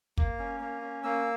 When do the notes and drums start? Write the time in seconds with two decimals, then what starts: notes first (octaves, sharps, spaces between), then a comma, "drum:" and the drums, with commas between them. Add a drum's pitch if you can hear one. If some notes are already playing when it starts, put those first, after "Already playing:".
0.17 A#3, drum: kick
0.39 C#4
0.60 A#3
0.82 C#4
1.04 A#3 E6